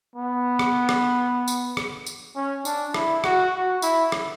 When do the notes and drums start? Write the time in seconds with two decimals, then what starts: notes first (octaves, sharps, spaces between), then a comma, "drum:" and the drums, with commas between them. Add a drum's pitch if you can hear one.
0.16 B3
0.59 drum: rim click
0.89 drum: rim click
1.48 drum: tambourine
1.77 drum: rim click
2.06 drum: tambourine
2.36 C#4
2.65 D4, drum: tambourine
2.94 E4, drum: rim click
3.24 F#4, drum: rim click
3.54 F#4
3.82 E4, drum: tambourine
4.12 drum: rim click